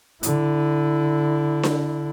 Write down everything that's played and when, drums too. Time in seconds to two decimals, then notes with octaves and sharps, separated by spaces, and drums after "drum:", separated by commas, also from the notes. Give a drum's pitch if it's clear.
0.23 D3 E4, drum: hi-hat
1.63 drum: snare D4